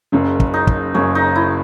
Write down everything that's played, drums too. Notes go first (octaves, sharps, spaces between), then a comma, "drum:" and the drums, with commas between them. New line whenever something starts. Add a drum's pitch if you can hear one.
F#1 F#2 C#3
drum: kick
D#4
drum: kick
F#1 F#2 C#3 C#4
D#4
E4